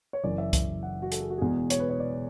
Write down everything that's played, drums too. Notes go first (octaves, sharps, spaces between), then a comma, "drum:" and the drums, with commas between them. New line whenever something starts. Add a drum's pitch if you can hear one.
C#5
F#1 F#2 E3 D5
E5
drum: kick C2, hi-hat
F#5
F#4
A4, drum: hi-hat
G#4
F#4
E1 E2 B2 G#4
C#5, drum: hi-hat
B4
C#5
D5